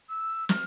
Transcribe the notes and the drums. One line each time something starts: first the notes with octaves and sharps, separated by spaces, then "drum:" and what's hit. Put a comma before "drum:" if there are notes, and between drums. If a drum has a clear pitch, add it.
E6
F6, drum: snare